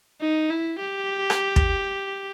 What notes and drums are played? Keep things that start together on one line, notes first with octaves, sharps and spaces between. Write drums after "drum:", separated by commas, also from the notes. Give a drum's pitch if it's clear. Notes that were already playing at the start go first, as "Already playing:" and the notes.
D#4
E4
G4
drum: rim click
drum: kick